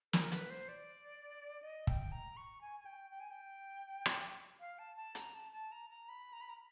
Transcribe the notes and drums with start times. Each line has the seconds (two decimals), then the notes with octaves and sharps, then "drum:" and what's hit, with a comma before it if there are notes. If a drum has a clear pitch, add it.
0.13 A#4, drum: snare
0.32 B4, drum: hi-hat
0.50 C5
0.68 D5
1.62 D#5
1.87 G5, drum: kick
2.12 A#5
2.37 C#6
2.61 G#5
2.80 G#5
2.85 G5
3.10 G5
3.20 G#5
3.30 G5
4.06 drum: rim click
4.60 F5
4.79 A5
4.96 A5
5.15 A#5, drum: hi-hat
5.34 A5
5.52 A5
5.72 A#5
5.90 A#5
6.09 B5
6.33 A#5
6.41 B5
6.49 A#5